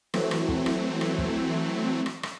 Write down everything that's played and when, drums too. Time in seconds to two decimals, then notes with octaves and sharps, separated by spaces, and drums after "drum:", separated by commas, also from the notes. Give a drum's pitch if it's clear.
0.14 E3 F#3 A3 C4, drum: rim click
0.31 drum: rim click
0.49 drum: kick
0.66 drum: rim click
1.01 drum: rim click
1.18 drum: kick
2.06 drum: rim click
2.23 drum: rim click